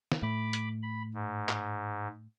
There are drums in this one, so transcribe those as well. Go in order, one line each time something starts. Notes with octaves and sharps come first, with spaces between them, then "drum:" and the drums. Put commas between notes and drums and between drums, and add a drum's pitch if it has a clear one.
drum: snare
A2 A3 B5 D6
drum: hi-hat
B5
G#2
drum: clap